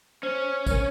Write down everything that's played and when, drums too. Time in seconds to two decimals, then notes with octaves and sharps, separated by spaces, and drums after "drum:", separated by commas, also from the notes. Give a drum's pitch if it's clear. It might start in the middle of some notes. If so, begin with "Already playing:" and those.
0.23 C#4 C5
0.66 A#4 C#5, drum: kick, tambourine